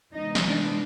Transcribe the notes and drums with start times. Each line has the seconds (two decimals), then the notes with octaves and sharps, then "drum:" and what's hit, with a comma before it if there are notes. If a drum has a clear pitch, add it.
0.13 C3 E3 G#3 B3 D#4 D#5
0.35 drum: snare
0.46 D4 D5